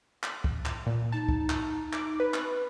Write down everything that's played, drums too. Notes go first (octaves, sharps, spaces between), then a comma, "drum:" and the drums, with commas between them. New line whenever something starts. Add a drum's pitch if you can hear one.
drum: clap
drum: kick
drum: clap
A#2
D#4 A5
drum: kick
drum: clap
D6, drum: clap
B4
drum: clap